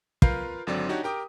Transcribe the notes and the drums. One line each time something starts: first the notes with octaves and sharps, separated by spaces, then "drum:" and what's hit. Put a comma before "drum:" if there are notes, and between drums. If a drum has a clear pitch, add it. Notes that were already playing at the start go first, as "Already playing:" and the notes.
F4 A#4 B4 F5 G6 C7, drum: kick
G#1 D3 F#3 C4 D5
D4 D#4 F#4 G4 C#5
G4 A#4 G5 D6 D#6